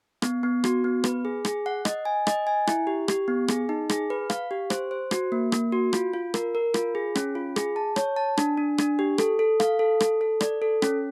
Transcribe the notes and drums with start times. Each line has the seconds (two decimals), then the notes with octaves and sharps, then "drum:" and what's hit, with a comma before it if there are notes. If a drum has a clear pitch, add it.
0.22 B3, drum: rim click
0.43 B3
0.64 F#4, drum: rim click
0.84 B3
1.04 B4, drum: rim click
1.25 G#4
1.45 G#4, drum: rim click
1.66 F#5
1.85 D#5, drum: rim click
2.05 G#5
2.27 D#5, drum: rim click
2.47 G#5
2.67 E4, drum: rim click
2.87 G4
3.08 G4, drum: rim click
3.28 B3
3.48 G#4, drum: rim click
3.69 D#4
3.89 G#4, drum: rim click
4.10 B4
4.30 F5, drum: rim click
4.51 G4
4.70 C5, drum: rim click
4.91 C5
5.11 F#4, drum: rim click
5.32 A#3
5.52 A#3, drum: rim click
5.72 F#4
5.93 F4, drum: rim click
6.14 F4
6.34 A#4, drum: rim click
6.55 A#4
6.74 F4, drum: rim click
6.95 G#4
7.15 C#4, drum: rim click
7.35 F4
7.56 G#4, drum: rim click
7.76 A5
7.96 C#5, drum: rim click
8.16 A5
8.37 D4, drum: rim click
8.57 D4
8.78 D4, drum: rim click
8.99 G4
9.18 A4, drum: rim click
9.39 A4
9.60 F5, drum: rim click
9.79 A4
10.00 A4, drum: rim click
10.21 A4
10.41 D5, drum: rim click
10.62 A4
10.82 C#4, drum: rim click